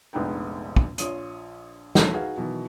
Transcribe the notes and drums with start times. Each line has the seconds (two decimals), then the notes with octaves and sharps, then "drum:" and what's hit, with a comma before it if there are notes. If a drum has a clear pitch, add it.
0.13 F1 A#1 G#3 B3 D#4 G5
0.76 drum: kick
0.98 A#1 F4 C#5 D#6 D#7, drum: hi-hat
1.95 D#3 E3 F#3 A3 C#4 A4, drum: snare
2.13 D#4 F#4 G#4 B4 F5
2.38 B2 D#3 E3 F#3